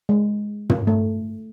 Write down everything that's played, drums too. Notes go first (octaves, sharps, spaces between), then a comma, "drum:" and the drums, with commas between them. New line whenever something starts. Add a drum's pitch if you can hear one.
G#3
drum: tom
A3